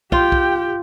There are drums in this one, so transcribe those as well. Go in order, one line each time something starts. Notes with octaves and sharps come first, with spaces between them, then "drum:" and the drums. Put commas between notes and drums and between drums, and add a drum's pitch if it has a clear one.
F4 G4 G5, drum: kick
drum: kick